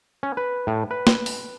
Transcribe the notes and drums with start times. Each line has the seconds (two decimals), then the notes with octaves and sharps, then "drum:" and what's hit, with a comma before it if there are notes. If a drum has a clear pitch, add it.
0.23 C#4
0.37 B4
0.67 A2
0.91 B4
1.07 drum: snare
1.26 drum: open hi-hat